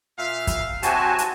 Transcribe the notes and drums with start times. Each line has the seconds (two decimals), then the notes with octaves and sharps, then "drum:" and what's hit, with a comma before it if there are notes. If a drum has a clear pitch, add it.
0.19 A#2 E5 F5
0.47 drum: kick, hi-hat
0.83 C3 F#3 F#4 G#5 A5, drum: hi-hat
1.18 drum: hi-hat